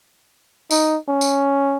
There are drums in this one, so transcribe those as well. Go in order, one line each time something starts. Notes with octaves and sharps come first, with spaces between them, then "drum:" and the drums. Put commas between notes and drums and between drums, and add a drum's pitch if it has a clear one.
D#4, drum: tambourine
C#4
drum: tambourine